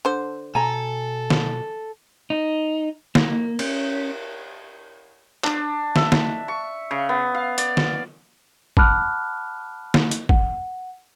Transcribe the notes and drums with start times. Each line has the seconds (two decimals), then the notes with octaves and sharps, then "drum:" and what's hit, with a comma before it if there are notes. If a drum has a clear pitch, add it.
0.05 D3 C5
0.55 B2 A4 G#5 A#5
1.30 drum: snare
2.30 D#4
3.15 A#3, drum: snare
3.59 C#4, drum: cymbal
5.44 D4, drum: clap
5.96 E5, drum: snare
6.12 drum: snare
6.48 C#6
6.91 C#3
7.09 B3
7.35 F5
7.58 D5, drum: hi-hat
7.77 drum: snare
8.77 F#5 A5 B5 D6 F6 F#6, drum: kick G#1
9.94 drum: snare
10.11 drum: hi-hat
10.29 F#5, drum: kick G#1